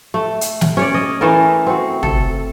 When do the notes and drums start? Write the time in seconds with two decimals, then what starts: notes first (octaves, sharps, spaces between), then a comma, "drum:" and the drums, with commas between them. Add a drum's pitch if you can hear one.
0.14 A3
0.41 drum: hi-hat
0.61 drum: snare
0.77 C#4 C#5 D5
0.94 D#5
1.21 E3 A3 A4 A#4
1.67 C4 F#4
2.03 A4, drum: tom